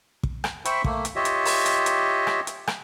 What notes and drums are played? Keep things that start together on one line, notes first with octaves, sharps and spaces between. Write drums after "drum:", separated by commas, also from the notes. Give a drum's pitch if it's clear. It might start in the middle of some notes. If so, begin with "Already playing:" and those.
drum: kick
drum: rim click
C5 E5 G5 B5 C#6, drum: hi-hat
A3 A#3, drum: kick
drum: hi-hat
F4 G4 C#5 D#5 E5
drum: hi-hat
drum: open hi-hat
drum: hi-hat
drum: hi-hat
drum: rim click
drum: hi-hat
drum: rim click